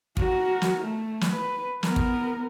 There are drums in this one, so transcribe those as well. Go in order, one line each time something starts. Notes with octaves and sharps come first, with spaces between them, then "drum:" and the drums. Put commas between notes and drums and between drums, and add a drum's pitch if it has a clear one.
F#4 A#4, drum: kick
drum: snare
A3
drum: snare
B4
B3 A#4, drum: snare
drum: kick